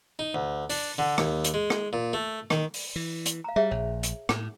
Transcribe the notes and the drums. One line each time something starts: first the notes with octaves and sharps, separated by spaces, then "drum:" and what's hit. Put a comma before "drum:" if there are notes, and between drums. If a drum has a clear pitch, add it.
D#4
D2
D4, drum: open hi-hat
D3
D#2, drum: rim click
drum: hi-hat
G#3
drum: rim click
A#2
A3
D#3, drum: rim click
drum: open hi-hat
E3
drum: hi-hat
F5 A#5
G3 G#4 C#5 E5
A#1 C#5
drum: hi-hat
A2, drum: rim click